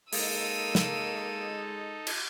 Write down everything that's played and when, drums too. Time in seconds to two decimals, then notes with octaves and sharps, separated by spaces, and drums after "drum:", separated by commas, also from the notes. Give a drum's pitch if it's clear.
0.13 G#3 A#3 D#4 A4 E6 D#7, drum: open hi-hat
0.75 drum: snare
2.07 drum: cymbal